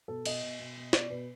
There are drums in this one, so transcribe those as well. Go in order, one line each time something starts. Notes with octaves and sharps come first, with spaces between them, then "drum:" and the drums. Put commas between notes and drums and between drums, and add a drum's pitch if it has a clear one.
B2 A4
B2 D#5, drum: cymbal
B2
B2
B2
B2 D5, drum: snare
B2 B4